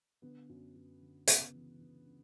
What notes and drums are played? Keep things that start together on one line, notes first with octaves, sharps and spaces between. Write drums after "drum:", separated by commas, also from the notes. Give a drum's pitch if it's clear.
D3 B3
F#2
F#2
D3
C#2 B3, drum: hi-hat
E3
C#2
C#3